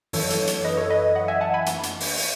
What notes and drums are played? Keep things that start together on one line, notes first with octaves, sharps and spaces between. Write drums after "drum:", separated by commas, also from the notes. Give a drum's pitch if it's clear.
F#2 E3 A4 C#5, drum: open hi-hat
drum: hi-hat
drum: hi-hat
B4 D#5
A4 C#5
B4 D#5
D#5 F#5
E5 G#5
F#5 A5
G#5 B5
drum: hi-hat
drum: hi-hat
drum: open hi-hat
drum: open hi-hat